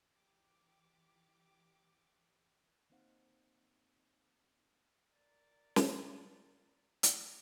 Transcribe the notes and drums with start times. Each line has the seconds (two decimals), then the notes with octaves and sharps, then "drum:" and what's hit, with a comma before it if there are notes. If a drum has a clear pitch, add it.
0.14 E3 G4 D6
2.90 A#3 C4 D#4 C5 F5 F#5
5.13 A#4 D5
5.76 drum: snare
7.03 drum: hi-hat